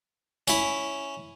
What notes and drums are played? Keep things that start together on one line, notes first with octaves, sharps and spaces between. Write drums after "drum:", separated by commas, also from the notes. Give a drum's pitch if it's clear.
C#4 E4, drum: tambourine